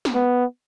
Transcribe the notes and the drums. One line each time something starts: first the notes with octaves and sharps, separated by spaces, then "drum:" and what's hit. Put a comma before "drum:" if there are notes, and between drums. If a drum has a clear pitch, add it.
drum: snare
B3